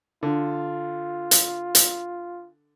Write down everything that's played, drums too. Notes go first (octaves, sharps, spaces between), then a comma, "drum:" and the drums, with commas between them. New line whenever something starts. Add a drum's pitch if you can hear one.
D3 F4
drum: hi-hat
drum: hi-hat